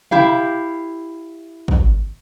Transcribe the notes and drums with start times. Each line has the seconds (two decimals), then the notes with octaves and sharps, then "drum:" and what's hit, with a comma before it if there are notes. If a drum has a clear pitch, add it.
0.11 E4 G4 F5, drum: tom
1.68 drum: kick